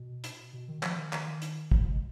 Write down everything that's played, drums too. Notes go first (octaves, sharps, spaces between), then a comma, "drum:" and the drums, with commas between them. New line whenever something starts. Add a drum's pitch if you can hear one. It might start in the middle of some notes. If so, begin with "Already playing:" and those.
Already playing: B2
drum: hi-hat
B2
D#3
F3, drum: clap
D#3
D#3, drum: clap
D#3
drum: hi-hat
F3, drum: kick
G#3